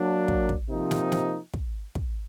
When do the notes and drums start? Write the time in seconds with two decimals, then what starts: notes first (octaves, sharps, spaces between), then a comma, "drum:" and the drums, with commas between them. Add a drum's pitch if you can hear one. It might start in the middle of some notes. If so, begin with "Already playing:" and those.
Already playing: F#3 A#3 D4
0.28 drum: kick
0.49 drum: kick
0.70 C3 F3 A#3 D#4
0.91 drum: snare
1.12 drum: snare
1.54 drum: kick
1.95 drum: kick